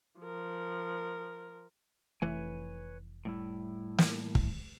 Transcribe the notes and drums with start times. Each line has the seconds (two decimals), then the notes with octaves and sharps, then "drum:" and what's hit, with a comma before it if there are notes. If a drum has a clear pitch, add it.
0.20 F3 A#4
2.22 F1 E3 A3 B4 C#5 G#5
3.25 A2 G3 E4
3.98 drum: snare
4.35 drum: kick